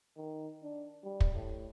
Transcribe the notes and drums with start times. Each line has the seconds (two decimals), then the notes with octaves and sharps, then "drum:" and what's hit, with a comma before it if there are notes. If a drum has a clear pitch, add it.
0.17 D#3
0.63 D4
1.04 G3
1.20 drum: kick
1.34 A2